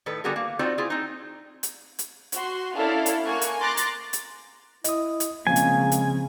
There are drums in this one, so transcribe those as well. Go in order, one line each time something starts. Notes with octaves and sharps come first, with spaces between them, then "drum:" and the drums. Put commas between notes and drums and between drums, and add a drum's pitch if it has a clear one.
A2 D#3 A4 B4
D3 G3 B3 F#4 G#4 A#4
A#3
C4 D#4 F4 F#4 C5 D5
E4 F4 G#4
C4 D#4
drum: hi-hat
drum: hi-hat
F#4 C6, drum: hi-hat
C#4 D4 E4 A4 F5
drum: hi-hat
A#3 F#5 G#5 C#6
drum: hi-hat
A#5 C6 D6 F#6 A6 A#6
drum: hi-hat
drum: hi-hat
E4 D#5 D#6, drum: hi-hat
drum: hi-hat
C#3 F3 G#3 A#3 C4 G#5
drum: hi-hat
drum: hi-hat